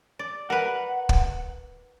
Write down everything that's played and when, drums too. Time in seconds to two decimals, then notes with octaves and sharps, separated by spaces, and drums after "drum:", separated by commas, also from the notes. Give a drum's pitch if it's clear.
0.19 D5
0.50 A#4 B4 F#5
1.09 drum: kick